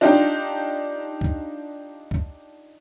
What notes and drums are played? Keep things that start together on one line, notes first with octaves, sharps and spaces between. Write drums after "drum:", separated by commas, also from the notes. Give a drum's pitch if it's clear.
D4 D#4 F4 G4
drum: kick C#2
drum: kick C#2